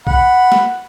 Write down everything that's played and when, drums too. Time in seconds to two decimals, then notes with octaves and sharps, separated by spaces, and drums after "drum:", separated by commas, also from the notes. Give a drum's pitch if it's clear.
0.07 F#5 B5, drum: kick B1
0.52 drum: snare